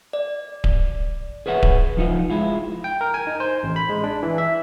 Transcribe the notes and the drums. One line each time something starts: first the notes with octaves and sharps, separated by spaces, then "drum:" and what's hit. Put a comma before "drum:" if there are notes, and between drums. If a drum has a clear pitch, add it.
D5
drum: kick D1
G#4 B4 C#5 E5 F#5
drum: kick D1
F3 D#4 F4
G#3 E4 F4
G5
A#4
G#5
D#4
C5
A1
B5
G#3
D4
E3
E5